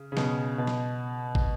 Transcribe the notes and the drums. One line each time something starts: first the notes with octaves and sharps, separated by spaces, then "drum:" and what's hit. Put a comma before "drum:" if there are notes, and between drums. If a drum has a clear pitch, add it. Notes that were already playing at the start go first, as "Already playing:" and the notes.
Already playing: C#3
C#3
B2, drum: snare
B2
drum: snare
drum: kick